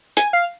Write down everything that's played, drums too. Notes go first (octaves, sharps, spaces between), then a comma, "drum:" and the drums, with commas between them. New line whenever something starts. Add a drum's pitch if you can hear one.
G#5, drum: hi-hat
F5